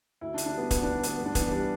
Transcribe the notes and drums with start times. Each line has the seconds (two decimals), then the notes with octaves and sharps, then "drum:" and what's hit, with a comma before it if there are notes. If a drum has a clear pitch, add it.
0.21 D2 E4
0.34 D4
0.38 D3, drum: hi-hat
0.46 D4
0.54 G3 B3
0.71 D2 B3, drum: kick, hi-hat
0.83 D2 D4
1.03 D3 B3, drum: hi-hat
1.19 G2
1.26 D4
1.35 E3 B3, drum: kick, hi-hat
1.52 G3 D4